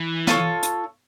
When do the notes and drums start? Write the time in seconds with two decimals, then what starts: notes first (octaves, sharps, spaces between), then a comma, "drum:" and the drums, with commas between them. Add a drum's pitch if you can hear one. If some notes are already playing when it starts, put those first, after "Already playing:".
Already playing: E3
0.27 F4 A4 C#5, drum: snare
0.63 drum: hi-hat